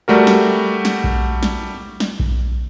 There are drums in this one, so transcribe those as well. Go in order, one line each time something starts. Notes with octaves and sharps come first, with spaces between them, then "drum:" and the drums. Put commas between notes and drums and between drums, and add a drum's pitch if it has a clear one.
G3 A3 F#4 A#4
drum: snare
drum: snare
drum: kick A#1
drum: snare
drum: snare
drum: kick A#1